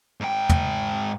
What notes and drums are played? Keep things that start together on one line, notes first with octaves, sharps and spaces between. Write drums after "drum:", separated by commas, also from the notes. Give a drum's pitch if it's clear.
G#2 G5
drum: tom